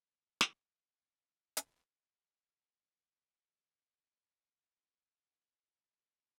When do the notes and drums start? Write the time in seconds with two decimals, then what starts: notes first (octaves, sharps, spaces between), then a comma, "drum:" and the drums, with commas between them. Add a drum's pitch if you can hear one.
0.12 A3
0.41 drum: snare
0.87 B3
1.25 B3
1.57 drum: hi-hat
2.01 C#4
2.75 D#4
3.13 D#4
3.88 F4
4.26 F4
4.63 F#4
5.38 G#4
5.76 A4